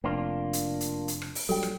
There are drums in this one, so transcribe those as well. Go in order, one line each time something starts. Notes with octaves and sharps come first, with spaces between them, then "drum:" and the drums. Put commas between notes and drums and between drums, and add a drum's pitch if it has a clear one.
F1 A#3 D4 F4 G5
drum: hi-hat
drum: hi-hat
drum: hi-hat
drum: rim click
drum: open hi-hat
A#1 F#3 G3 A4 G5
drum: rim click